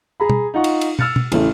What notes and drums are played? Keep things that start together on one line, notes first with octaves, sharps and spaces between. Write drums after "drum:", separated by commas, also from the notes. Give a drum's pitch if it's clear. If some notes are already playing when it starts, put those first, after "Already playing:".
G#4 A#5 B5
drum: tom
D#4 F4 D#5 F#5 C#6
drum: cymbal
drum: cymbal
E6 F6 A6 C#7, drum: tom
drum: tom
A1 C#3 E3 A3 E5, drum: cymbal